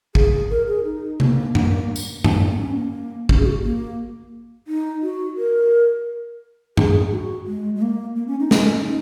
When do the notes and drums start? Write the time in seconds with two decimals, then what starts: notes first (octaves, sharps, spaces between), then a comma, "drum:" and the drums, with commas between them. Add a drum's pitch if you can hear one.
0.15 G#4, drum: kick
0.51 A#4
0.67 G#4
0.84 D#4
1.20 A#3, drum: tom C3
1.55 A#3, drum: tom F#2
1.96 drum: tambourine
2.24 A#3, drum: tom F#2
2.49 A#3
2.59 C#4
2.76 A#3
3.29 C#4, drum: kick
3.38 G#4
3.46 F#4
3.63 A#3
4.68 D#4
5.03 F#4
5.37 A#4
6.77 G#4, drum: tom F#2
7.12 F#4
7.46 G#3
7.76 G#3
7.82 A#3
8.16 A#3
8.28 C#4
8.40 D#4
8.51 C#4, drum: snare
8.86 D#4